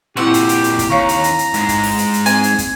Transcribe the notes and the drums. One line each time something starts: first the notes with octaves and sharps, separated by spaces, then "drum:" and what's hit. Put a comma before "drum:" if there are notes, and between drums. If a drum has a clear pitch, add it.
A#2 C4 E4 F#4 G4 F#5
drum: hi-hat
drum: hi-hat
drum: hi-hat
drum: kick, hi-hat
D#2 C#5 F5 A#5 C#6
drum: hi-hat
drum: hi-hat
drum: hi-hat
G#2 G#3, drum: hi-hat
drum: kick, hi-hat
drum: open hi-hat
drum: hi-hat
drum: hi-hat
C4 G#5, drum: hi-hat
drum: hi-hat
drum: kick, hi-hat